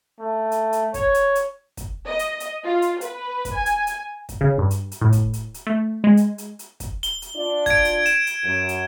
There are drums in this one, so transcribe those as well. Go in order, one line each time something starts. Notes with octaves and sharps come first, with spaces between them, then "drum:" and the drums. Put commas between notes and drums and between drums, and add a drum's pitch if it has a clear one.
A3
drum: hi-hat
drum: hi-hat
C#5, drum: kick, hi-hat
drum: hi-hat
drum: hi-hat
drum: kick, hi-hat
D#5
drum: hi-hat
drum: hi-hat
F4
drum: hi-hat
B4, drum: hi-hat
drum: kick, hi-hat
G#5
drum: hi-hat
drum: hi-hat
drum: kick, hi-hat
C#3
G2
drum: hi-hat
drum: hi-hat
A2
drum: kick, hi-hat
drum: hi-hat
drum: hi-hat
A3
G#3
drum: hi-hat
drum: hi-hat
drum: hi-hat
drum: kick, hi-hat
G7, drum: hi-hat
drum: hi-hat
D4 F4 D5
G#6 D7, drum: kick, hi-hat
drum: hi-hat
E7, drum: hi-hat
drum: hi-hat
F#2
drum: hi-hat